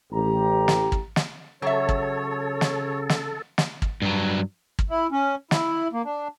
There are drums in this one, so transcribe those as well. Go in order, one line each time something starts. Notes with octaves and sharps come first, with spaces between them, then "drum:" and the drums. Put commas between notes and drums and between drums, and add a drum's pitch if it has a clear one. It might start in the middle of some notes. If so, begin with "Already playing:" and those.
A1 G4 A#5
drum: snare
drum: kick
drum: snare
C#3 F#3 A4 C#5 E5
drum: kick
drum: snare
drum: snare
drum: snare
drum: kick
G2 F#3
drum: kick
E4
C#4
E4, drum: snare
A#3
D4